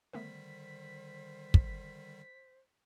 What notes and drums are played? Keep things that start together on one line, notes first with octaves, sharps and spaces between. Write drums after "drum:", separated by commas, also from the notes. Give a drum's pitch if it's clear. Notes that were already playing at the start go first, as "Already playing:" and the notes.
D3 D#3 G3 A3 B3 A#4 C5 B6
drum: kick